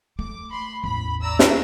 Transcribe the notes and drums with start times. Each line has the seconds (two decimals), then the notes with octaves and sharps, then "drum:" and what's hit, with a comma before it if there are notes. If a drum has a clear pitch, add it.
0.19 A3 D6
0.51 B5 C6
0.84 A1 E2 B5
1.21 D5 A#5 E6
1.39 drum: snare